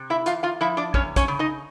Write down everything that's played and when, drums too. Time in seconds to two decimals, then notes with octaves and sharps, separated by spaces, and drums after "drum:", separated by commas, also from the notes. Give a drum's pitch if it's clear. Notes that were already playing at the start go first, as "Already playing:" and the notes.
Already playing: C3
0.10 E4 E5
0.26 E2 F4 F5, drum: hi-hat
0.43 F4 F5
0.61 F3 E4 E5
0.77 D4 D5
0.94 E2 C#4 C#5, drum: kick
1.16 C#4 C#5, drum: kick, hi-hat
1.28 C#3
1.39 D#4 D#5